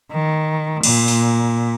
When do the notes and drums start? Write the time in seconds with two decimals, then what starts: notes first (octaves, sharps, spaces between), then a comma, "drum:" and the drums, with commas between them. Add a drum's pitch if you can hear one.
0.12 D#3
0.83 A#2, drum: cymbal
1.08 drum: open hi-hat